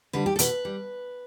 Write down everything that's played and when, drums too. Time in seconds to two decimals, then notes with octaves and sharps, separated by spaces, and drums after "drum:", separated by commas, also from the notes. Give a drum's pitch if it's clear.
0.13 D3 G3 B4
0.26 G4
0.36 A4
0.39 B2 B4, drum: hi-hat
0.65 G3